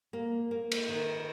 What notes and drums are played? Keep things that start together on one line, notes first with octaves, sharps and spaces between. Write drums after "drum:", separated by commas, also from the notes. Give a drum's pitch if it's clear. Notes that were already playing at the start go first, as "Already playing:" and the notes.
A#3
A#3
drum: cymbal
D#3